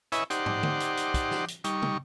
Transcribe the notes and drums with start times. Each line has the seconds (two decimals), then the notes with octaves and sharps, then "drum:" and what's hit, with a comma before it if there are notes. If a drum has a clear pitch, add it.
0.12 E4 B4 C#5 D#5 E5 G#5, drum: hi-hat
0.30 D#4 G4 C5 D5 F#5, drum: hi-hat
0.46 drum: tom
0.63 drum: tom
0.80 drum: hi-hat
0.97 drum: hi-hat
1.14 drum: kick, hi-hat
1.31 drum: snare
1.48 drum: hi-hat
1.64 G3 D#4 C#6, drum: hi-hat
1.82 drum: tom